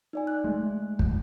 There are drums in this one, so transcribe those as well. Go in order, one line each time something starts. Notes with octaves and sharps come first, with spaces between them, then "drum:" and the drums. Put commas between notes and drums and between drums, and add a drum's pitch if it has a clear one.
D#4 D5 G#5
F#6
G#3 A3
drum: kick